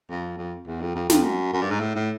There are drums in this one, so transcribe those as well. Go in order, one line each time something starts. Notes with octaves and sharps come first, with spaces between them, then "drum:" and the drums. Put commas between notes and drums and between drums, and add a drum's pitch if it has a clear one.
F2
F2
E2
F2
F2
F2, drum: snare
F#2
F#2
G2
G#2
A2
A2